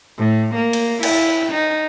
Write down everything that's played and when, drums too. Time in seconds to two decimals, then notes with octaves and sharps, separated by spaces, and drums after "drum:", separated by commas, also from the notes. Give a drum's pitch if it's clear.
0.18 A2
0.55 A#3
0.73 drum: cymbal
1.03 E4, drum: cymbal
1.53 D#4